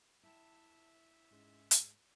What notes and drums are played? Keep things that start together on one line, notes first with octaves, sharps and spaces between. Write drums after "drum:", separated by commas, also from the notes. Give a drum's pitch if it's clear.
E4 E5 G5 A5
G#2 G#3 C#4
drum: hi-hat